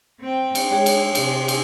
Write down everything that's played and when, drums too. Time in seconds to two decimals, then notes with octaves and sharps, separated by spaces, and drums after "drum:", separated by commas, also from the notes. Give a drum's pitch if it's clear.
0.20 C4 G5
0.55 drum: cymbal
0.71 G#3 G#4 C#5 G5
0.86 drum: cymbal
1.15 C3, drum: cymbal
1.48 drum: cymbal